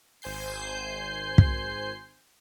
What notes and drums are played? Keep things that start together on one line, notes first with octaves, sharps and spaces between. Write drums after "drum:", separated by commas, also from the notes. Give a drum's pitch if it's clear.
G#1 C5 G#5 G6 C7
drum: kick